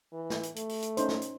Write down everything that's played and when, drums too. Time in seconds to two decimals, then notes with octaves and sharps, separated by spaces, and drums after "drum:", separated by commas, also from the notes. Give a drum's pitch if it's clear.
0.13 E3
0.30 drum: snare
0.43 drum: hi-hat
0.56 A3, drum: hi-hat
0.69 drum: open hi-hat
0.82 drum: hi-hat
0.97 C#4 D#4 C5, drum: hi-hat
1.09 drum: snare
1.22 drum: hi-hat